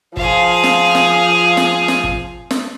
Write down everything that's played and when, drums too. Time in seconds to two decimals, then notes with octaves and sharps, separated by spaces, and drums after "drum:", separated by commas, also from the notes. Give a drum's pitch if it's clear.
0.17 F3 G#4 F5, drum: kick
0.64 drum: snare
0.95 drum: snare
1.57 drum: snare
1.88 drum: snare
2.04 drum: kick
2.51 drum: snare